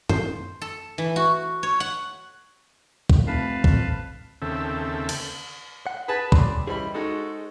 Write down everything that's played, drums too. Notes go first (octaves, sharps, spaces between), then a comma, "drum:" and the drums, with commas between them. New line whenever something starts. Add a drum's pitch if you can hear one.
C5, drum: tom F#2
A4
E3
F#4
C#5
F#5
drum: kick
F1 B4 F5 A5
A1 F2, drum: kick
D#2 C#3 C4 A4 E5
drum: cymbal
F#5
G#4 B4 A5
F#3 C4 D5 B5, drum: kick
G2 C#3 E3 G3 G#4 C5 D#5 B5
G#3 D#4 F#4 A4